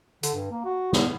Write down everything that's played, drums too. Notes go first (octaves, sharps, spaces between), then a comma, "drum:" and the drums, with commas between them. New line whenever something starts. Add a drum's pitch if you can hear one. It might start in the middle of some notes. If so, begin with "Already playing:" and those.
D3, drum: hi-hat
G2
A#3
F#4
B3, drum: snare